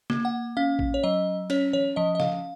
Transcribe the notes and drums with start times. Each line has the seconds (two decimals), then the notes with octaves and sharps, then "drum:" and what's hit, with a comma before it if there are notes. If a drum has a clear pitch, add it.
0.10 A#3, drum: snare
0.25 F#5
0.57 C#4 F5
0.79 drum: kick A1
0.94 C#5
1.03 F#3 D#5
1.50 C#4 C#5, drum: cymbal
1.73 C#5, drum: tom E3
1.96 F3 D#5
2.15 D#5
2.20 F5, drum: snare